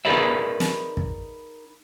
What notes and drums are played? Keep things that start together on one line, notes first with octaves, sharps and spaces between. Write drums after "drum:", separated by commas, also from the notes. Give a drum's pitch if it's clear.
D#4 G#4 A#4 B4 D5 E5
drum: snare
drum: kick